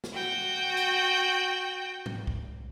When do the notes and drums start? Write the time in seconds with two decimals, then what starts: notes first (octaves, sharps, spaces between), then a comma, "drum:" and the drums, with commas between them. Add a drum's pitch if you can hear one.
0.04 drum: snare
0.14 F#4 G5
0.77 drum: hi-hat
2.06 drum: tom G#2
2.27 drum: kick B1